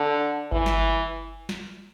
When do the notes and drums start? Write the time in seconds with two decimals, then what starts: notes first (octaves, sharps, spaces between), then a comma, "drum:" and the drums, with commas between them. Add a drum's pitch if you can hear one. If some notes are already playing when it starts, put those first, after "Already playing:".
Already playing: D3
0.52 E3, drum: kick G1
0.66 drum: snare
1.49 drum: snare